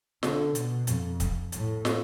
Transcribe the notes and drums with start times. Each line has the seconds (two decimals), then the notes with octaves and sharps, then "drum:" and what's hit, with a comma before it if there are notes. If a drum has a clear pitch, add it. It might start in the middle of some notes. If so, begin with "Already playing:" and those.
0.23 D3, drum: snare
0.55 B2, drum: hi-hat
0.87 F2, drum: hi-hat
1.20 drum: kick, hi-hat
1.52 A2, drum: hi-hat
1.85 drum: snare